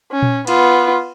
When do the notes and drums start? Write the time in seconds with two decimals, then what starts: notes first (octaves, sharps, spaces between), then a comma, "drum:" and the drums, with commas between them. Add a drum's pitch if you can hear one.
0.11 C#4
0.22 drum: tom A#2
0.47 B3 F4, drum: cymbal